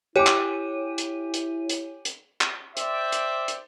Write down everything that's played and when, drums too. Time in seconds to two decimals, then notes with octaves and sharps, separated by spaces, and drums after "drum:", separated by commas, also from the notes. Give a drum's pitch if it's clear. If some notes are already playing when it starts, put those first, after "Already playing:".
0.16 E4 G4 C#5 G#5 D6 D#7
0.27 drum: clap
0.98 drum: hi-hat
1.34 drum: hi-hat
1.69 drum: hi-hat
2.05 drum: hi-hat
2.41 drum: clap
2.77 C5 D5 E5 G5 C6 D6, drum: hi-hat
3.12 drum: hi-hat
3.48 drum: hi-hat